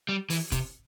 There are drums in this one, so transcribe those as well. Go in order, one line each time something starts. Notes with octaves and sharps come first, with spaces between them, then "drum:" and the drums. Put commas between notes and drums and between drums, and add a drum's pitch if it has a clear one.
G3
E3, drum: open hi-hat
C3, drum: kick, hi-hat